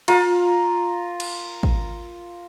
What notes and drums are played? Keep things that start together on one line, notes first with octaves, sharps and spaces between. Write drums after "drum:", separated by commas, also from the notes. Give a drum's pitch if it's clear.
F4 A#4, drum: cymbal
drum: cymbal
drum: kick